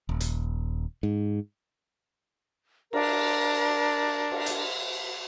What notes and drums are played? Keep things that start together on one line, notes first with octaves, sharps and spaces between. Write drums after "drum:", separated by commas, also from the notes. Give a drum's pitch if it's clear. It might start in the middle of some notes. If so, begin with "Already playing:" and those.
D#1
drum: hi-hat
G#2
D4 A#4, drum: cymbal
drum: cymbal
drum: hi-hat